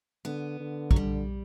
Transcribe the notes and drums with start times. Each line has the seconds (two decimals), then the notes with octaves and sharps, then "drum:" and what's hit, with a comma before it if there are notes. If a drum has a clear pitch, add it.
0.25 D3 B3
0.60 D3
0.91 F#3, drum: kick
0.96 G3